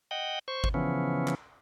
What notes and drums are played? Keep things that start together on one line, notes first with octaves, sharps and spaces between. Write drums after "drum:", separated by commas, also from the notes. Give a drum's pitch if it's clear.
D#5 F#5 G5
C5 C#6
drum: kick G#1
C#3 E3 F3 B3 C#4
drum: clap